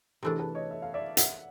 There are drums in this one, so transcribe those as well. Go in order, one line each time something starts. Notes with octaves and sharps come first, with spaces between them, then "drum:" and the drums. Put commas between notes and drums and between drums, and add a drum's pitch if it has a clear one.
C3 E3 A3 D4 G#4 A#4
A4 B4
C#5 D#5
E5
F5
D5 E5
E5 F#5, drum: hi-hat